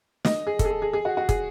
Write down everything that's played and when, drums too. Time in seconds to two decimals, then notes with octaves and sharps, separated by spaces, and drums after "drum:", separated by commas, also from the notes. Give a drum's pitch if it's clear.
0.25 D#5, drum: snare
0.47 G#4
0.59 A4, drum: kick, hi-hat
0.65 G#4
0.70 A4
0.82 G#4
0.93 G#4
1.05 F#4
1.17 F#4
1.29 G#4, drum: kick, hi-hat